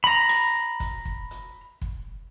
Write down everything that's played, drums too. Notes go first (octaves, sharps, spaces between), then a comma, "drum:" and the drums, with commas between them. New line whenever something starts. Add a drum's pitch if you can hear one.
A#5 B5
drum: rim click
drum: kick, hi-hat
drum: kick
drum: hi-hat
drum: kick